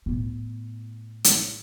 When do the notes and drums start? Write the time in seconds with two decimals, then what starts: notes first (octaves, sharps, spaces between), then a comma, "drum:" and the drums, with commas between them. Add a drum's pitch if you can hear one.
0.06 A2 B3
1.24 drum: hi-hat